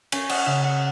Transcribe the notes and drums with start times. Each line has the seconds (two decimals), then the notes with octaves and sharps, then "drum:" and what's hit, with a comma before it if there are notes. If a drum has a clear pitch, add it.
0.12 C#4 G#5, drum: cymbal
0.29 F#5, drum: cymbal
0.46 C#3 E5
0.64 F#5